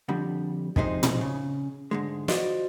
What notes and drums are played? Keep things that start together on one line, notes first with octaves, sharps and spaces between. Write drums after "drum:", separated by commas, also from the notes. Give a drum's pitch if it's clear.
F2 D3 G3
F2 C3 G#3 D#4 G4 C5, drum: kick
drum: tom
C#3
G#2 D3 G#3
F4 F#4 C5 D5 D#5, drum: snare